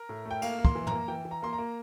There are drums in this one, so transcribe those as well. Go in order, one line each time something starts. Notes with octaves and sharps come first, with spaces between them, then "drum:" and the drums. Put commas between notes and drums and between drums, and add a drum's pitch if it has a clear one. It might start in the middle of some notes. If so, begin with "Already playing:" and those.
Already playing: A#4
A2
A3
G5
A#3 F5, drum: cymbal
A#3
C6, drum: kick
E3
A#3 A#5, drum: tom
E3 G5
E3
A#5
A#3 C6
A#5
A#3